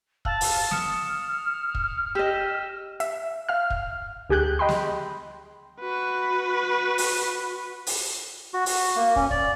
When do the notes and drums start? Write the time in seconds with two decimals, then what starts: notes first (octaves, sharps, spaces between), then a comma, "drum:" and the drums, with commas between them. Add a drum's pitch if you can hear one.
0.25 F5 A5 E6 F6, drum: kick
0.41 drum: open hi-hat
0.71 D#6 F6 C#7 E7, drum: snare
1.75 drum: kick
2.15 G4 D#5 E6 E7
3.00 E5, drum: hi-hat
3.49 E5 F5 F6
3.70 drum: kick
4.29 D2 G4 G#4 F#6 G6
4.59 D#5 G5 B5 C6
4.69 drum: snare
5.81 F#4 B4
6.98 drum: open hi-hat
7.87 drum: open hi-hat
8.54 F#4
8.66 F#4, drum: open hi-hat
8.96 A#3
9.16 C#4, drum: kick
9.31 D5, drum: kick